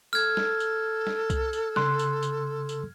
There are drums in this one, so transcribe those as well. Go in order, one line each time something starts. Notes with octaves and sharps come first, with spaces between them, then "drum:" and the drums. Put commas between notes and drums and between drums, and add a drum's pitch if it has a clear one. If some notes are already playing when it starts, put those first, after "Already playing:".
A4 F6 G#6
drum: snare
drum: tambourine
drum: snare
drum: kick C2, tambourine
drum: tambourine
C#3 C6 F#6, drum: snare
drum: tambourine
drum: tambourine
drum: tambourine